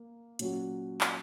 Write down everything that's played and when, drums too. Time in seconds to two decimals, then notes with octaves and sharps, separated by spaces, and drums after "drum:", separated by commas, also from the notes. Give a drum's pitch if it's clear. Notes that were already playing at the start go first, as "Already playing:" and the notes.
Already playing: A#3
0.39 A#2 F#3 C#4 F#4, drum: hi-hat
1.01 drum: clap